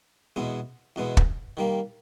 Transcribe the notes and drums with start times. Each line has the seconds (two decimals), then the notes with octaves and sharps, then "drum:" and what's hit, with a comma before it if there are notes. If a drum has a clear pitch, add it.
0.36 E2 B2 G#3 B3
0.96 E2 B2 G#3 B3
1.17 drum: kick
1.57 D#3 G3 A#3